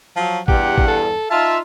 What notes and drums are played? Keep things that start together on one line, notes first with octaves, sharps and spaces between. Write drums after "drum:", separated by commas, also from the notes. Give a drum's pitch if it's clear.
F3 F#3
E2 G2 G4 F#5, drum: kick A1
drum: kick A1
A4
D#4 F4 E5 A5